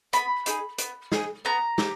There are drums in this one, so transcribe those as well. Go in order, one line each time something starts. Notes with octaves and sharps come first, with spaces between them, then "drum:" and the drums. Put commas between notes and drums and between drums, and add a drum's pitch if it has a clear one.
B3 B5, drum: hi-hat
D#4 G#4, drum: hi-hat
B3, drum: hi-hat
D#4 G#4, drum: snare
B3 A#5
G4, drum: snare